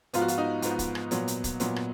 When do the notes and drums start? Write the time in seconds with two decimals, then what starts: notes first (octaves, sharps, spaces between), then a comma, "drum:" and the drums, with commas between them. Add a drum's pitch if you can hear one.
0.14 G#2 F3 B3 F4, drum: hi-hat
0.21 F#4
0.28 F4, drum: hi-hat
0.38 D#4
0.62 G#2 F3 B3, drum: hi-hat
0.79 drum: kick, hi-hat
0.95 drum: rim click
1.11 A#2 F#3 B3, drum: hi-hat
1.28 drum: hi-hat
1.44 drum: kick, hi-hat
1.60 A#2 F#3 B3, drum: hi-hat
1.76 drum: rim click